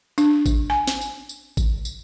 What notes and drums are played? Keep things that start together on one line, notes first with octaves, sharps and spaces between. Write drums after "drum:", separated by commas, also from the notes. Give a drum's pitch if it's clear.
D4, drum: tambourine
drum: kick G#1, tambourine
G#5
drum: snare
drum: tambourine
drum: tambourine
drum: kick G#1, tambourine
drum: tambourine